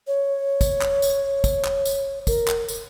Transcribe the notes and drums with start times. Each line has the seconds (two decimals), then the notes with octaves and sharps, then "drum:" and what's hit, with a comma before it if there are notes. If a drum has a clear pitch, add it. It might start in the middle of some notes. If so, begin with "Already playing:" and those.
0.07 C#5
0.61 drum: kick, tambourine
0.82 drum: clap
1.02 drum: tambourine
1.44 drum: kick, tambourine
1.65 drum: clap
1.85 drum: tambourine
2.27 A#4, drum: kick, tambourine
2.48 drum: clap
2.69 drum: tambourine